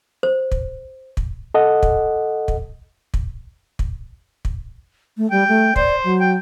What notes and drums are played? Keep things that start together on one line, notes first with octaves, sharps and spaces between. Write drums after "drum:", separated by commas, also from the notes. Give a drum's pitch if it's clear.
C5
drum: kick
drum: kick
A4 D#5 F#5
drum: kick
drum: kick
drum: kick
drum: kick
drum: kick
A3
G3 G5
A3
C5 D5, drum: kick
F#3
G5